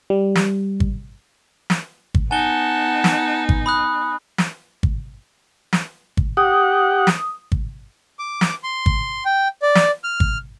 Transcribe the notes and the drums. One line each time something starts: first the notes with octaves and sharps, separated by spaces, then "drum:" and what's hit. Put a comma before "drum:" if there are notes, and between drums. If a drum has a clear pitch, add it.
G3
drum: snare
drum: kick
drum: snare
drum: kick
B3 D#4 F#5 G#5 A5 G7
drum: snare
drum: kick
B5 D#6 F#6
drum: snare
drum: kick
drum: snare
drum: kick
G4 F#5 D#6
drum: snare
drum: kick
D6
drum: snare
C6
drum: kick
G5
D5
drum: snare
F6
drum: kick